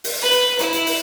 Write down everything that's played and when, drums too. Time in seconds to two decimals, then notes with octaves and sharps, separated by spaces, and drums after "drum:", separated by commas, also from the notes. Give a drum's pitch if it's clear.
0.04 drum: open hi-hat
0.21 B4
0.32 drum: hi-hat
0.59 E4, drum: hi-hat
0.73 drum: hi-hat
0.86 drum: open hi-hat